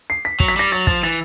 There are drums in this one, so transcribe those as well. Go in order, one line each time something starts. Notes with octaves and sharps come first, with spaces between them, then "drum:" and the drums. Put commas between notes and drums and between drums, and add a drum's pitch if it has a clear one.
C7
B6
F#3, drum: kick
B6
G3 A#6
F#3 A6
F3 A6, drum: kick
E3 A6